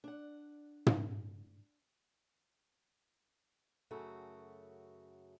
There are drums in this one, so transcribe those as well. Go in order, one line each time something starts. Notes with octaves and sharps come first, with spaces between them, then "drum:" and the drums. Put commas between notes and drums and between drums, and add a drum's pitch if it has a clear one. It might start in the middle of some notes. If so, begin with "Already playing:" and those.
D4 F#5
drum: tom
F#2 C#3 A3 F#4